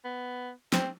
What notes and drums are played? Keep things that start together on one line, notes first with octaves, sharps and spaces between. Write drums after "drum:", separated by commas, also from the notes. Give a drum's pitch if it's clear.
B3
C4, drum: snare